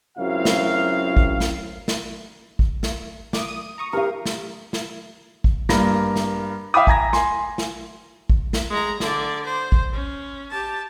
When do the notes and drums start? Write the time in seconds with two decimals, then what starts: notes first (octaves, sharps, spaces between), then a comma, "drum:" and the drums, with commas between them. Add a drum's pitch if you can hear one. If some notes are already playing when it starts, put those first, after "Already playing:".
0.17 C#2 F#2 F#3 C4 E4 F5
0.45 drum: snare
1.17 drum: kick A1
1.40 drum: snare
1.88 drum: snare
2.59 drum: kick A1
2.83 drum: snare
3.33 D6 D#6, drum: snare
3.48 D#6 D#7
3.78 A#5 C#6 D#6
3.93 G4 A#4 F5
4.26 drum: snare
4.73 drum: snare
5.44 drum: kick A1
5.69 G2 A#3 A#6, drum: snare
6.16 drum: snare
6.74 E5 F5 G5 B5 D6 D#6
6.87 G#5 A#5 G#6 A#6, drum: kick A1
7.13 G#5 C6, drum: snare
7.58 drum: snare
8.30 drum: kick A1
8.53 drum: snare
8.70 G#3 A#5
9.00 D3 D5, drum: snare
9.45 C5
9.72 drum: kick A1
9.93 C#4
10.50 G4 A5